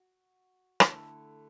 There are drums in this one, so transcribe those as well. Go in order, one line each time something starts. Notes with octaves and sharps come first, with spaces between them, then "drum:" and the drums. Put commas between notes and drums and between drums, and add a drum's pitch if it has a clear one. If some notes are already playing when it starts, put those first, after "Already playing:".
Already playing: F#4
D3 A3 E4 A4, drum: rim click